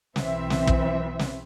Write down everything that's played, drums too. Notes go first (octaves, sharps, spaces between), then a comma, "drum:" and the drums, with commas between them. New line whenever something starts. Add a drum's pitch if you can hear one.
B1 E3 C4 E5, drum: snare
drum: snare
drum: kick
drum: snare